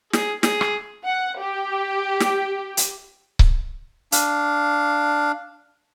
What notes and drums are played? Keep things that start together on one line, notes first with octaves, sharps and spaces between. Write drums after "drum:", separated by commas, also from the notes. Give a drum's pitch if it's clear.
G#4, drum: snare
G#4, drum: snare
drum: rim click
F#5
G4
drum: snare
drum: hi-hat
drum: kick C#1
D4 F5, drum: hi-hat